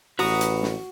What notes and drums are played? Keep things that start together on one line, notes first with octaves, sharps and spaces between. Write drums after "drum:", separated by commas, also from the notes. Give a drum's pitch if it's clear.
A1 F#4 B4 A#5 D#6, drum: open hi-hat
drum: hi-hat
drum: snare